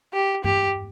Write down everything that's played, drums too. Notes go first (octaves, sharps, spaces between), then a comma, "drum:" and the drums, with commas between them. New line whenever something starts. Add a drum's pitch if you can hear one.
G4
G4, drum: tom G2